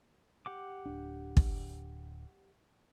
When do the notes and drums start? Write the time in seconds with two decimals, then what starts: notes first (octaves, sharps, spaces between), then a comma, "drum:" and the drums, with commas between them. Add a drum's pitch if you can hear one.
0.46 G4 F#5 D6
0.86 D1 D4
1.37 drum: kick